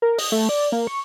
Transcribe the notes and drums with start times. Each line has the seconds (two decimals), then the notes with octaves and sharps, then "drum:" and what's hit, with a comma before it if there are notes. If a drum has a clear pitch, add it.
0.02 A#4
0.18 D#5, drum: open hi-hat
0.32 A3
0.49 D5
0.72 A#3
0.87 C#6